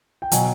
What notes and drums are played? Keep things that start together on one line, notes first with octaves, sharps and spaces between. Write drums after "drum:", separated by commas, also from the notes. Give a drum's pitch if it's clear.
G5
B2 F#3 G#5, drum: hi-hat